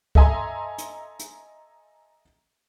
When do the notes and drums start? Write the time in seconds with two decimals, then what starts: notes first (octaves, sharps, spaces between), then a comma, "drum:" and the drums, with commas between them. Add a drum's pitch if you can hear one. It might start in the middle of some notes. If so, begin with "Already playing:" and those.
0.15 A4 D#5 E5 G#5 A#5 C6, drum: kick C#2
0.78 drum: hi-hat
1.19 drum: hi-hat